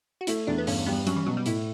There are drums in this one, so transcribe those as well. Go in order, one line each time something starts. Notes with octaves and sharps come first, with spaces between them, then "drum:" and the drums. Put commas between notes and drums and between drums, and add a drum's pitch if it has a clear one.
F#4
A3 E4, drum: hi-hat
E2 D4
B3
G2 C#4, drum: open hi-hat
G3 B3
F#3 C#4, drum: hi-hat
E3
B2 F#3
G3
A2 E4, drum: hi-hat